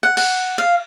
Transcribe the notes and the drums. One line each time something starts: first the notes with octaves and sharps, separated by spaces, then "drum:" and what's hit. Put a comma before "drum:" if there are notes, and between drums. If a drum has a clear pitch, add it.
F#5
F#5, drum: cymbal
F5